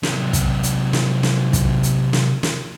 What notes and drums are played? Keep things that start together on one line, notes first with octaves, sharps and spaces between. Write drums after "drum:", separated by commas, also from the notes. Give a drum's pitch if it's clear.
C3 F#3, drum: snare
drum: kick, hi-hat
drum: hi-hat
drum: snare
drum: snare
drum: kick, hi-hat
drum: hi-hat
drum: snare
drum: snare